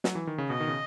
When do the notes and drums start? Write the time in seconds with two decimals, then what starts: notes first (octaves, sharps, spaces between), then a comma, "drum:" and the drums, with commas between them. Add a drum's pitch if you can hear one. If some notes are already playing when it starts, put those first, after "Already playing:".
0.04 F#3, drum: snare
0.15 E3
0.27 D#3
0.38 C#3
0.50 B2 D#5
0.60 D#3
0.68 C#3